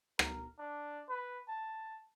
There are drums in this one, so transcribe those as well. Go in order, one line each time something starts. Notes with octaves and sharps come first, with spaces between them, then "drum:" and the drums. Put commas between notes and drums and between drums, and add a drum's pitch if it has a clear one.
A#4, drum: rim click
D4
B4
A5